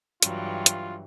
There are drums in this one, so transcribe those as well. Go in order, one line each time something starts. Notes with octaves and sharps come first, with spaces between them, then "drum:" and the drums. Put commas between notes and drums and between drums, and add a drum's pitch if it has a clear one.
G2 E3 F#3 F4, drum: hi-hat
drum: hi-hat